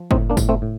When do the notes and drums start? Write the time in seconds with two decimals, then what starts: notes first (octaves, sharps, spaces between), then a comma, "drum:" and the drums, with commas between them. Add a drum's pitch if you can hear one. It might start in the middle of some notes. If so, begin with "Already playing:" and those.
Already playing: F3
0.11 A2 C4 D#4, drum: kick F#1
0.30 A#3 D4
0.37 A2, drum: kick F#1, tambourine
0.49 A3 C4
0.62 A2